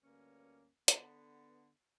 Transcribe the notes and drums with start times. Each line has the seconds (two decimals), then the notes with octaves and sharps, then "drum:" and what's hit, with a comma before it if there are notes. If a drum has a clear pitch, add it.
0.04 D2 G2 A#3 C#4
0.88 D3 B3, drum: hi-hat